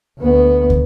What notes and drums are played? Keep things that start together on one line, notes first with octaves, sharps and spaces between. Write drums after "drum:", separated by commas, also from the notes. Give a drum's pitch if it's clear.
D2 B3
drum: kick